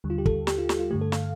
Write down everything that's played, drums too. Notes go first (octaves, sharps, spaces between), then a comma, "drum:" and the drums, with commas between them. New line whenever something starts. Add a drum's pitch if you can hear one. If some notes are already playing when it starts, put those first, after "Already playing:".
D#2 D3 G3
F4
G4
A4, drum: kick
G4, drum: snare
F4
G4, drum: snare
F4
G2 D3 A3 G4
A4
F5, drum: snare